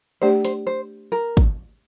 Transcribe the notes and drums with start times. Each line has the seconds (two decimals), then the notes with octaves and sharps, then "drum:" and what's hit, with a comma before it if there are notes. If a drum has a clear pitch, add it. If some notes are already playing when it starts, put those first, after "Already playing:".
0.22 A3 D4 G4 C5 D5
0.45 C5, drum: hi-hat
0.67 C5
1.12 A#4
1.37 drum: kick